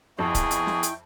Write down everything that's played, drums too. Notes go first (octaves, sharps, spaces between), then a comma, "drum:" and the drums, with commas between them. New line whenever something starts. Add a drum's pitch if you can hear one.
F2 B3 E4 G#4 G5 C#6
drum: kick C#1, hi-hat
drum: hi-hat
drum: snare
drum: hi-hat